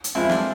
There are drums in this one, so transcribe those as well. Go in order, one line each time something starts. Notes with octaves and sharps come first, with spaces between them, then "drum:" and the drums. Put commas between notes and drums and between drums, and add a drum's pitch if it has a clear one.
drum: hi-hat
F3 G#3 C4 E4 F4
D4, drum: snare